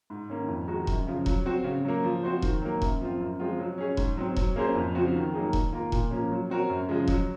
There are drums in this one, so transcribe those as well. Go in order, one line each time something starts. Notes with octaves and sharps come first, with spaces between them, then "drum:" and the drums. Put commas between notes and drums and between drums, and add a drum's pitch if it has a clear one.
G#2
D#3 A#3 C#4
F2
D#3 G#3 D#4 F#4
F#2, drum: kick E1
C#3 F3
F#3, drum: kick E1
C4 F#4
C#3
F#3 A#3
F3
C4 F#4 C5
D#3, drum: kick E1
F#3 A#3
F#2, drum: kick E1
F3 C4 F4
F#2
F3 G#3 C4 F4
F#3
C#4 G#4 C#5
G#2, drum: kick E1
F#3 C4
F#3, drum: kick E1
A#3 C#4 G#4 C5
F2
C#3 F3 C4 F#4
D#3
F#3 A#3 D#4 G#4
D#3, drum: kick E1
A#3 F4 A#4
A#2, drum: kick E1
F3 A#3 C#4
F#3
C4 F#4 A#4 C#5
F#2
C#3 F3 G#3
F#3, drum: kick E1